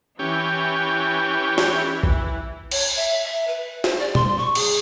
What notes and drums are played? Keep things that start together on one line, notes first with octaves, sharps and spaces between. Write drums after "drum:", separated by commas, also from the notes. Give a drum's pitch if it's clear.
E3 C#4 E4 G4
drum: snare
drum: kick
C#5, drum: cymbal
E5
E5
B4
C5, drum: snare
D5
C6, drum: tom B2
C#6
G#4, drum: cymbal